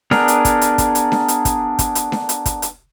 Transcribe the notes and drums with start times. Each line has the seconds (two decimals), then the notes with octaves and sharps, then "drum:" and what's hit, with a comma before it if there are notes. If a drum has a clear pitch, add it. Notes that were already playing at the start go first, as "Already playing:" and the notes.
0.11 B3 D4 G#4 A#4, drum: snare D4
0.28 drum: hi-hat
0.45 drum: kick, hi-hat
0.61 drum: hi-hat
0.78 drum: kick, hi-hat
0.95 drum: hi-hat
1.12 drum: snare D4
1.28 drum: hi-hat
1.45 drum: kick, hi-hat
1.79 drum: kick, hi-hat
1.95 drum: hi-hat
2.12 drum: snare D4
2.29 drum: hi-hat
2.46 drum: kick, hi-hat
2.62 drum: hi-hat